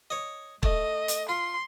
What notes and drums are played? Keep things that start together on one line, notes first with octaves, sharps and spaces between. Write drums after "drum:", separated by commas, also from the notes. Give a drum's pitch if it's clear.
C#5 D#5
A3 D#5, drum: kick
drum: hi-hat
F4 C6